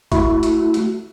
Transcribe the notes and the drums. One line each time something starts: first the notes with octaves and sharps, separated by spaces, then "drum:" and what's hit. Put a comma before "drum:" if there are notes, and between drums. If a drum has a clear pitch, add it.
A3 E4 F#4, drum: kick, hi-hat
drum: hi-hat
drum: hi-hat